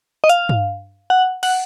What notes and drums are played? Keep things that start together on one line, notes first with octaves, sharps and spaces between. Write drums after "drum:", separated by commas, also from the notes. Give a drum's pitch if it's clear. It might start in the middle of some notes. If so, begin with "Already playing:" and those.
D#5
F5, drum: hi-hat
drum: tom G2
F#5
F#5, drum: cymbal